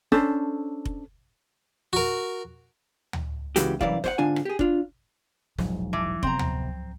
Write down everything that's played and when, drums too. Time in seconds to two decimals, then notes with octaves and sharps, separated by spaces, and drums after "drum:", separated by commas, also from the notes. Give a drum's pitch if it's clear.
0.12 C#4 D4 A4 C5, drum: snare
0.85 drum: kick F1
1.93 F#4 A#4
3.13 drum: tom D2
3.56 C#3 E3 G#3 F#4 G4, drum: hi-hat
3.81 C2 F#2 E3 E4 D5 F5, drum: kick F1
4.04 C5 C#5 F#5, drum: snare
4.18 G#2 D3 D4 F4 G#5
4.36 drum: rim click
4.45 G4 G#4
4.59 D4 F4, drum: kick F1
5.58 E1 A#1 G#2 F3 F#3, drum: snare
5.93 E3
6.23 F1 C3 B3 C4 A#5, drum: kick F1
6.39 drum: tom D2